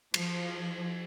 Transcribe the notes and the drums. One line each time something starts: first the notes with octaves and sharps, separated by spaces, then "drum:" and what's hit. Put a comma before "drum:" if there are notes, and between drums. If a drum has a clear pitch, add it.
F3, drum: cymbal